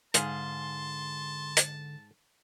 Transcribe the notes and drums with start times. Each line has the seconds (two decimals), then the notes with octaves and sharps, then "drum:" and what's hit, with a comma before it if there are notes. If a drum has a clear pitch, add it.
0.14 G#2 D3 G#4 F5 A5 C6, drum: hi-hat
1.57 drum: hi-hat